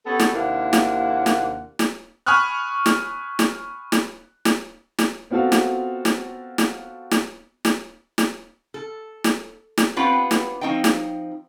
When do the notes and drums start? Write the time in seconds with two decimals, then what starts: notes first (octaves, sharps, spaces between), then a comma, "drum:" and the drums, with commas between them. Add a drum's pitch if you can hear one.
0.06 B3 C#4 G4 A4
0.19 drum: snare
0.33 D#2 C3 A#3 D4 E4 F#5
0.73 drum: snare
1.26 drum: snare
1.79 drum: snare
2.26 G#5 B5 C#6 D#6 F6 F#6
2.86 drum: snare
3.39 drum: snare
3.92 drum: snare
4.45 drum: snare
4.99 drum: snare
5.30 B3 C4 F4 F#4 A4 F5
5.52 drum: snare
6.05 drum: snare
6.58 drum: snare
7.11 drum: snare
7.65 drum: snare
8.18 drum: snare
8.74 A4
9.24 drum: snare
9.78 drum: snare
9.96 B3 C4 D4 F4 G4 B4
10.31 drum: snare
10.61 F3 C4 D#4 G5
10.84 drum: snare